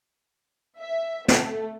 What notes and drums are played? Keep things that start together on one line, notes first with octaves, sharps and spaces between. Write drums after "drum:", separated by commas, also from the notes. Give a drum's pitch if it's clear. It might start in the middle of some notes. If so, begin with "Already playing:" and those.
E5
A3, drum: snare